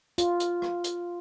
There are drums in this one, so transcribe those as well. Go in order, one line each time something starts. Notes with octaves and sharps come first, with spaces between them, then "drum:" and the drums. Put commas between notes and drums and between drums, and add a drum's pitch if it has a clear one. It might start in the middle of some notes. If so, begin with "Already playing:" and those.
F4, drum: hi-hat
drum: hi-hat
drum: rim click
drum: hi-hat